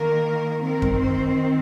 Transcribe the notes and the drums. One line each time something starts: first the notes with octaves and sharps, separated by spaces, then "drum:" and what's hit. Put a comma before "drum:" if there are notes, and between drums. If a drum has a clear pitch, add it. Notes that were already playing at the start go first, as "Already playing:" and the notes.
Already playing: D#3 A#3 A#4
D#3 C4 A#4
drum: kick F#2
C5